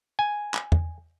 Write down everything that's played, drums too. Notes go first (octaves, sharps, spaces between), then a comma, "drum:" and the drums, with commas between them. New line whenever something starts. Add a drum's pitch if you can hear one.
G#5
drum: clap
drum: tom E2